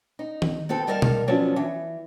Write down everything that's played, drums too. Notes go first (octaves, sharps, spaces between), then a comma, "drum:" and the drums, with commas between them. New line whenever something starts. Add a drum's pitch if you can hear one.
D#4
drum: tom D#3
B3 C4 G4 A4
D#3 G3 A4 A#4 E5 F5
drum: tom B2
F3 F#3 B3 C#4 D4
E3